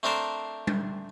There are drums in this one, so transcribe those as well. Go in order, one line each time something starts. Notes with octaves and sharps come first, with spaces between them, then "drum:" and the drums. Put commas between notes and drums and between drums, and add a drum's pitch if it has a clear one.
A3 C4 D4 A#4 C5
drum: tom G3